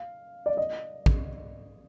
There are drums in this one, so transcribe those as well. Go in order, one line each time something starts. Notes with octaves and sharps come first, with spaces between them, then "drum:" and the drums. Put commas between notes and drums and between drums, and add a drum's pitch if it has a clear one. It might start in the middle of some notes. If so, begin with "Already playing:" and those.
Already playing: F5
D5
D#5
drum: kick